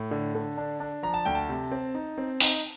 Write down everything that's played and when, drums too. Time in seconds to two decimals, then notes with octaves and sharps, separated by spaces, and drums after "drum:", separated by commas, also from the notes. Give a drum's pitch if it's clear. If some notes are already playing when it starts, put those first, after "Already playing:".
Already playing: A2
0.11 D3
0.35 D3
0.58 D4
0.80 D4
1.03 F3 A#5
1.14 A5
1.25 D2 G5
1.35 A5
1.49 C3
1.71 C4
1.95 D#4
2.18 C4
2.40 D#4, drum: open hi-hat